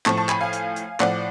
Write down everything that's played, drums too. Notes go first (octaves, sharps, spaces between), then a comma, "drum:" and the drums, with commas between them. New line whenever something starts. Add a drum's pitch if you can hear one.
A2 F3 A5 C#6, drum: clap
A5 C#6
G#5 B5, drum: clap
F5 G#5
drum: hi-hat
drum: hi-hat
A2 F3 D5 F#5, drum: clap